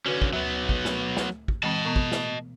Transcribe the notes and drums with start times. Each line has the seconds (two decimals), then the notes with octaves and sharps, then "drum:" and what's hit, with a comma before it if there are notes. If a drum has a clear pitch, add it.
0.06 D3 C#4 F#4 B4
0.22 drum: kick
0.33 D2 F#3 B3
0.69 drum: kick
0.85 drum: snare
1.17 drum: snare
1.48 drum: kick
1.63 E3 G#3 C4 D#5 A5
1.85 B2 B3
1.96 drum: kick
2.12 drum: snare